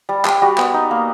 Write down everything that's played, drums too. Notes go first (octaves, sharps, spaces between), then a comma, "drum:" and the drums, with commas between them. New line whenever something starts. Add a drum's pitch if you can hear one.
G3
G3, drum: clap
G3 F#4
B3, drum: clap
D#4
A#3